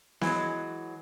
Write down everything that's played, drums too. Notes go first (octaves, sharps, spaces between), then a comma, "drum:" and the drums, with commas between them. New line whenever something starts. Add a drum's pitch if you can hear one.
E3 F#3 G#3, drum: snare B3